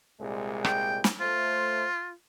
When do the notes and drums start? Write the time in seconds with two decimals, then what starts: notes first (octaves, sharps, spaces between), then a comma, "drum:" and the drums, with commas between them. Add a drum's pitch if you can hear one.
0.21 C2 A#2 G#3
0.65 G5, drum: rim click
1.04 drum: snare
1.20 A3 F4 C5